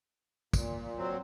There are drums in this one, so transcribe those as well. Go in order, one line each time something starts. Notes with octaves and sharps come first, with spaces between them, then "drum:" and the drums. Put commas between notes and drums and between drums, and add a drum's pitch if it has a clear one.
A#2, drum: kick, tambourine
F#3 C4